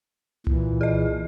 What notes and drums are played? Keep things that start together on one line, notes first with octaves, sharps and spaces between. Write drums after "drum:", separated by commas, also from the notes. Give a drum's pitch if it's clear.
A#2 E3, drum: tom C2
G#4 D#5